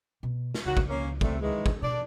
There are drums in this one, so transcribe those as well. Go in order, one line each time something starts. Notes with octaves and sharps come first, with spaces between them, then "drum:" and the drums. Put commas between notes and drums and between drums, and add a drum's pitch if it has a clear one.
B2
drum: snare
C#2 D#3 F#3 F#4
drum: kick
A#3 C#4
C3 G3 A3, drum: kick
D#3 E3 G#3
drum: kick
B2 D4 D5